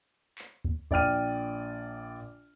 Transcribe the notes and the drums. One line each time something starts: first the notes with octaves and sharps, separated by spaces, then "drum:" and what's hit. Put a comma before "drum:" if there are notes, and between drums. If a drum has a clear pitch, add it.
drum: clap
drum: kick D2
A#1 D5 G5 F6 D#7, drum: kick D2